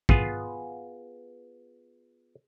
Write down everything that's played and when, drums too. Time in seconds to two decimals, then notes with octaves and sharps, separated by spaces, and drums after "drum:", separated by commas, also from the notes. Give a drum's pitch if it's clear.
0.09 B3 F4 G#4, drum: kick